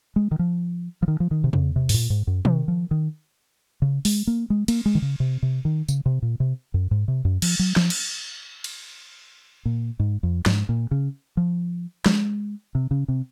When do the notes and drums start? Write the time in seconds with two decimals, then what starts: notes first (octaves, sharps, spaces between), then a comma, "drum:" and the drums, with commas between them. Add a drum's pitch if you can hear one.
0.16 G#3
0.31 D#3
0.39 F3
1.02 F3
1.08 D#3
1.20 F3
1.31 D#3
1.44 C3
1.53 C#3, drum: tom E2
1.76 C3
1.89 G#2, drum: open hi-hat
1.94 A#2
2.10 G#2
2.27 F#2
2.45 C3, drum: tom D#3
2.68 F3
2.91 D#3
3.82 C#3
4.05 G#3, drum: open hi-hat
4.27 A#3
4.50 G#3
4.68 A#3, drum: cymbal
4.86 G#3
4.95 D#3
5.02 C#3
5.20 C3
5.43 C3
5.65 D#3
5.88 C#3, drum: tambourine
6.06 C3
6.22 A#2
6.40 C3
6.74 F#2
6.91 G#2
7.08 C3
7.25 F#2
7.42 F3, drum: cymbal
7.59 F#3
7.76 F3, drum: snare
7.90 drum: cymbal
8.64 drum: cymbal
9.65 A#2
9.99 G#2
10.23 F2
10.46 G#2, drum: snare
10.69 A#2
10.91 C#3
11.37 F3
12.06 G#3, drum: snare
12.75 C3
12.91 C#3
13.08 C3